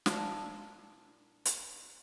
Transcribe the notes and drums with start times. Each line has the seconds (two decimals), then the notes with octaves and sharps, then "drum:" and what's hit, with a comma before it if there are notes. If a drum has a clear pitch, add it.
0.06 A#2 D4 E4 D5 F5 A5, drum: snare
1.45 drum: hi-hat